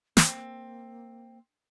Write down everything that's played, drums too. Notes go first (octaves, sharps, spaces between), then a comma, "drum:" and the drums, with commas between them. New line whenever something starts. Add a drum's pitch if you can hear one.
A#3 C4, drum: snare